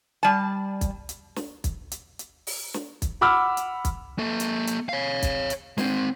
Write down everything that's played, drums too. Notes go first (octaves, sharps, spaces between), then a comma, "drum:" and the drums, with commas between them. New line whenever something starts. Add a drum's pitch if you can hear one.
G3 A5
drum: kick, hi-hat
drum: hi-hat
drum: snare
drum: kick, hi-hat
drum: hi-hat
drum: hi-hat
drum: open hi-hat
drum: snare
drum: kick, hi-hat
F#5 B5 D6 E6 F6
drum: hi-hat
drum: kick, hi-hat
A#3 A4
drum: hi-hat
drum: hi-hat
C#5 F5
drum: kick, hi-hat
drum: hi-hat
G#3 C4, drum: snare